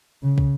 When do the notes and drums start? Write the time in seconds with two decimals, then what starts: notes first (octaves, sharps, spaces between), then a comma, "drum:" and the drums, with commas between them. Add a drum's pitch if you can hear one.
0.23 C#3
0.38 drum: kick